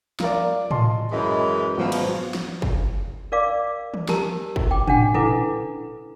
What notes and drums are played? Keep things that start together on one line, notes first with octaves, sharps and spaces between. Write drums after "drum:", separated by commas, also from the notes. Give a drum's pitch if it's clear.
F4 A#4 D5, drum: snare
D#5 A5 C6, drum: tom A2
F#2 E3 G#3 D#5 B5
G#1 B2 F3 F#3
drum: cymbal
drum: snare
drum: kick
A#4 D5 F5 D6
drum: tom D#3
G4 A#4 A5 A#5 E6, drum: snare
drum: kick
G5 D6
C#4 D4 F#5 G5, drum: tom A2
E4 A4 B4 E5 D6, drum: tom A#2